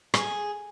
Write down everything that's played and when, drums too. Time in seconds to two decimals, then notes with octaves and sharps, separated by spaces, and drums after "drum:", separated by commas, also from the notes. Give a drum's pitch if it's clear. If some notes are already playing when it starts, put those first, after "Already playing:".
0.14 G#4, drum: rim click